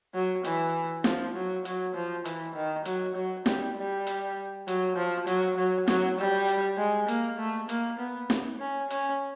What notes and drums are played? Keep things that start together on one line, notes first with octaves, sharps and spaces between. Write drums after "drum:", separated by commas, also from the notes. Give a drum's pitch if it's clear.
F#3
E3, drum: hi-hat
F3, drum: snare
F#3
F#3, drum: hi-hat
F3
E3, drum: hi-hat
D#3
F#3, drum: hi-hat
F#3
G3, drum: snare
G3
drum: hi-hat
F#3, drum: hi-hat
F3
F#3, drum: hi-hat
F#3
F#3, drum: snare
G3
drum: hi-hat
G#3
A#3, drum: hi-hat
A3
A#3, drum: hi-hat
B3
drum: snare
C#4
C#4, drum: hi-hat